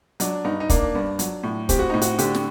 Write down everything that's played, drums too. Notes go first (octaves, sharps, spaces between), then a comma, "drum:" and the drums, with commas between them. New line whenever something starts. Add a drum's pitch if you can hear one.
F#3 D4, drum: hi-hat
G2 D#4
D#4
A#3 D4, drum: kick, hi-hat
G2
F#3, drum: hi-hat
A2
C4 G4, drum: kick, hi-hat
F#4
A2 D#4
F#4, drum: hi-hat
D3 G4, drum: hi-hat
drum: snare